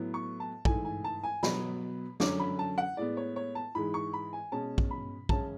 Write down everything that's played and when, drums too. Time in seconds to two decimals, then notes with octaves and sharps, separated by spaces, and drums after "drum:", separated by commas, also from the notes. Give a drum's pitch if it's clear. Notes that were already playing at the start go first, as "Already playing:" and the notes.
Already playing: A2 F#3 B3
0.14 C#6
0.40 A5
0.65 G#2 E3 A3 G#5, drum: kick
0.85 G#5
1.04 A5
1.24 G#5
1.43 B2 F#3 B3 B5, drum: snare
2.20 F#2 D3 F#3 C#4 D6, drum: snare
2.40 B5
2.59 A5
2.78 F#5
2.97 A2 G#3 B3 D5
3.17 C#5
3.36 C#5
3.55 A5
3.75 G#2 E3 G#3 B5
3.94 C#6
4.13 B5
4.33 G#5
4.52 B2 G#3 C#4 A5
4.78 drum: kick
4.91 B5
5.29 F#2 C#3 G#3 C#4 A5, drum: kick